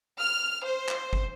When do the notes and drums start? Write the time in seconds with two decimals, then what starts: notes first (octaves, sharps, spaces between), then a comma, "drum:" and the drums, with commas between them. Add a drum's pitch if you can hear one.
0.18 F6
0.65 C5
0.89 drum: clap
1.13 drum: kick